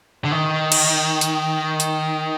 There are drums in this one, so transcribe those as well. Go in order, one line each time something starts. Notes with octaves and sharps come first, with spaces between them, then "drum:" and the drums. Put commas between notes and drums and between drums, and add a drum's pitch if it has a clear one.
D3
D#3
drum: cymbal
drum: hi-hat
drum: hi-hat